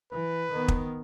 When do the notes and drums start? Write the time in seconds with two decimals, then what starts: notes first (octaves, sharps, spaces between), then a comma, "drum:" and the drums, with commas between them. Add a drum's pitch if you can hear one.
0.12 E3 B4
0.52 D#3 B3
0.68 drum: kick